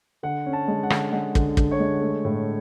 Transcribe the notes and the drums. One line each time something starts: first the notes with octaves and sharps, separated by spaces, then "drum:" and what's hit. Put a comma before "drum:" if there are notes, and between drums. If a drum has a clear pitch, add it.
D3 F#5
C#4
A5
G#3
F#5
D3, drum: rim click
G#3 F#5
D3, drum: kick
D3, drum: kick
C#5
G#3
A3
A2